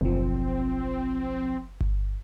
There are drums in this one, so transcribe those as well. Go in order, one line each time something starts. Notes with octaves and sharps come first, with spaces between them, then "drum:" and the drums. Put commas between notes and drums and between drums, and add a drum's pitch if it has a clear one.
F#1 B1 F3 C4
drum: kick G1